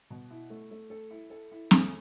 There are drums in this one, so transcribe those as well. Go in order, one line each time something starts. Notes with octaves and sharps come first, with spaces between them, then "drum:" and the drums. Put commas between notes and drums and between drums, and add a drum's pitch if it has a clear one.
B2
E4
A3
A3
A4
E4
A4
E4
A4, drum: snare C4